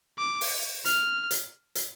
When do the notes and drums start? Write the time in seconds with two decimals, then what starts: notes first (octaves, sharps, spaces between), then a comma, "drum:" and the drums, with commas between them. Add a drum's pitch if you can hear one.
0.18 D6
0.41 drum: open hi-hat
0.85 F6, drum: hi-hat
1.31 drum: hi-hat
1.75 drum: hi-hat